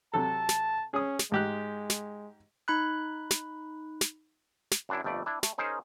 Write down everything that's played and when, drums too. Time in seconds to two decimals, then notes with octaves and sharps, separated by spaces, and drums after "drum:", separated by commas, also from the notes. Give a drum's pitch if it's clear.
0.14 C3 F#3 A4 A5
0.49 drum: snare
0.94 C#4 G#4 D#6
1.19 drum: snare
1.32 G#2 G#3 G4 F#6
1.90 drum: snare
2.68 D#4 B5 F#6
3.31 drum: snare
4.01 drum: snare
4.71 drum: snare
4.89 F#2 D4 E4
5.04 G1 F2 A3 D5
5.26 D4 E4
5.43 A3, drum: snare
5.58 C#4 D#4 G#4 A#4 C5